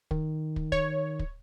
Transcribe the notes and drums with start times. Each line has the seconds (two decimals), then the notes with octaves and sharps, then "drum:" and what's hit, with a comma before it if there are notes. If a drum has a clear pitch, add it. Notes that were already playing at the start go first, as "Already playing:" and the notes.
0.11 D#3, drum: kick
0.56 drum: kick
0.72 C#5, drum: kick
1.19 drum: kick